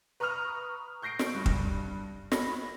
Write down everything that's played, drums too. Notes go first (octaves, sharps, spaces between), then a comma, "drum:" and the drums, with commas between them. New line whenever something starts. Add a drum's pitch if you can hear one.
B4 A#5 C#6 D#6 F6 F7
C#6 G6 A#6 C7 D7
drum: snare
G2
drum: kick
B5 A#6, drum: snare